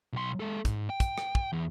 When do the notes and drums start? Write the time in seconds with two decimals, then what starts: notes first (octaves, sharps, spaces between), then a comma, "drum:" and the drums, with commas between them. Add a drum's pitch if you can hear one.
0.13 B1 C6
0.40 G#3 A4
0.65 G#2, drum: kick, hi-hat
0.90 G5
1.00 drum: kick, hi-hat
1.18 drum: rim click
1.35 drum: kick
1.52 E2